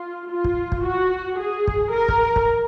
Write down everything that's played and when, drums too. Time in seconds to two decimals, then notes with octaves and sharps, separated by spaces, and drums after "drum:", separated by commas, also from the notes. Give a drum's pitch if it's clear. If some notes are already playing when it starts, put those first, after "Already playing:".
Already playing: F4
0.31 F4
0.44 drum: kick
0.72 drum: kick
0.85 F#4
1.40 G#4
1.67 drum: kick
1.95 A#4
2.09 drum: kick
2.36 drum: kick